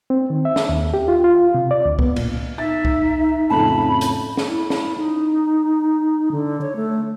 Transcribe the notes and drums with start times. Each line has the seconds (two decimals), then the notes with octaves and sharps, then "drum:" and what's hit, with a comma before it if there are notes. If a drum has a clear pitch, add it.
0.10 C4
0.30 D#3
0.45 E5
0.56 drum: snare
0.69 D#2
0.94 G4
1.08 F4
1.24 F4
1.55 C3
1.71 D5
1.85 D2
1.99 B3, drum: kick C2
2.16 A#2, drum: cymbal
2.58 D#4 E5 A6
2.85 drum: kick C2
3.50 F2 A2 C#3 A5 B5
4.01 drum: hi-hat
4.37 drum: snare
4.49 E4
4.70 drum: snare
4.97 D#4
6.32 D3
6.61 C#5
6.76 A3